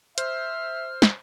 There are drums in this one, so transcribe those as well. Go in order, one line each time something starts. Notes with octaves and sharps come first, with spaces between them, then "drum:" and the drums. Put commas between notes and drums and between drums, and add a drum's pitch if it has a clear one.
C5 E5 F6, drum: hi-hat
drum: snare